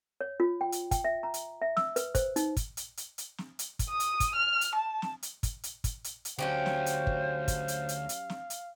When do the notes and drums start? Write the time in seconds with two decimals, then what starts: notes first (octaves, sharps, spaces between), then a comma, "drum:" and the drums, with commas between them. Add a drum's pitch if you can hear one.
0.21 C#5
0.40 F4
0.61 G5
0.72 drum: hi-hat
0.91 G5, drum: kick, hi-hat
1.04 E5
1.23 A#5
1.34 drum: hi-hat
1.62 E5
1.77 E6, drum: snare
1.96 B4, drum: hi-hat
2.15 C5, drum: kick, hi-hat
2.36 D#4, drum: hi-hat
2.56 drum: kick, hi-hat
2.77 drum: hi-hat
2.97 drum: hi-hat
3.18 drum: hi-hat
3.38 drum: snare
3.59 drum: hi-hat
3.79 drum: kick, hi-hat
3.89 D#6
4.00 drum: hi-hat
4.20 drum: kick, hi-hat
4.36 F6
4.61 drum: hi-hat
4.75 A5
5.02 drum: snare
5.23 drum: hi-hat
5.43 drum: kick, hi-hat
5.63 drum: hi-hat
5.84 drum: kick, hi-hat
6.04 drum: hi-hat
6.25 drum: hi-hat
6.39 D2 F#3 C#4 G4 C5 F5
6.66 drum: snare
6.86 drum: hi-hat
7.07 drum: kick
7.48 drum: kick, hi-hat
7.68 drum: hi-hat
7.89 drum: hi-hat
8.09 drum: hi-hat
8.30 drum: snare
8.50 drum: hi-hat